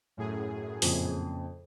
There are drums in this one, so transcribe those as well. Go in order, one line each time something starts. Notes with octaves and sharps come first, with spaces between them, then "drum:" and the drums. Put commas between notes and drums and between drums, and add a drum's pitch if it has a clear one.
F#2 A2 G#4
F2 A#2 C#3, drum: open hi-hat